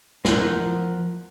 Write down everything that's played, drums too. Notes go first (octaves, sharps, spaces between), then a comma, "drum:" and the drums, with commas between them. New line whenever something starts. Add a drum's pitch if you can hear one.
F3 A#4 F#5 F#6 G6, drum: snare